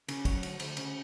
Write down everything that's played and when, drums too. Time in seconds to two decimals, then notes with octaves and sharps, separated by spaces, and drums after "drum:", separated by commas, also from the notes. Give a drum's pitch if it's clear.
0.08 C#3, drum: cymbal
0.25 F#3, drum: kick, cymbal
0.43 D2, drum: cymbal
0.60 D2, drum: cymbal
0.77 C#3, drum: cymbal